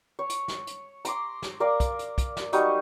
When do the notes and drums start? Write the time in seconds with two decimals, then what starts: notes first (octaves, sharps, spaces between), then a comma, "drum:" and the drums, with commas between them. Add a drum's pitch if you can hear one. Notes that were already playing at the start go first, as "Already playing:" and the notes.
0.19 C#5
0.29 drum: hi-hat
0.48 drum: snare
0.67 drum: hi-hat
1.05 A#5 C6 D6, drum: hi-hat
1.42 drum: snare
1.60 A#4 D5 F5 A#5
1.80 drum: kick, hi-hat
1.99 drum: hi-hat
2.18 drum: kick, hi-hat
2.37 drum: snare
2.53 F#3 G3 D#4 C#5, drum: hi-hat